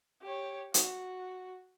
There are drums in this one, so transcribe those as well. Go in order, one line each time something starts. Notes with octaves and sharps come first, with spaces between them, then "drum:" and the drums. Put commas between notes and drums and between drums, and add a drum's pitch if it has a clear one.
G4 C#5
F#4, drum: hi-hat